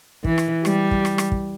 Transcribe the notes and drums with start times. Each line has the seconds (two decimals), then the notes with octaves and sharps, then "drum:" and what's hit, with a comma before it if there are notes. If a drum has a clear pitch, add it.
0.24 E3, drum: kick
0.38 drum: rim click
0.65 G3, drum: rim click
0.91 drum: kick
1.05 drum: rim click
1.18 drum: rim click
1.32 drum: kick